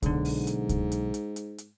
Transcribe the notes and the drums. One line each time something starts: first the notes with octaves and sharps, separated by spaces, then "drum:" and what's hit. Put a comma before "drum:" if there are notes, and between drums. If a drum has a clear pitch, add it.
B1 G#2 D3, drum: kick C2, hi-hat
drum: open hi-hat
drum: hi-hat
drum: kick C2, hi-hat
drum: hi-hat
drum: hi-hat
drum: hi-hat
drum: hi-hat